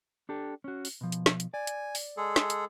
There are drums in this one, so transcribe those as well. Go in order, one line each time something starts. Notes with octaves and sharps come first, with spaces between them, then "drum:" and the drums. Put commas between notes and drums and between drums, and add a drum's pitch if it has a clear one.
D4 G4 A4
C#4 F#4
drum: open hi-hat
B2 F3
drum: hi-hat
drum: snare
drum: hi-hat
D5 G#5
drum: hi-hat
drum: open hi-hat
G#3 G#4 A4
drum: snare
drum: hi-hat